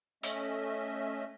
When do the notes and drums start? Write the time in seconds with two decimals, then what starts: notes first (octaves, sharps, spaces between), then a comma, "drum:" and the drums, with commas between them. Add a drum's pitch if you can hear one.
0.23 A3 C#4 D#5 E5, drum: hi-hat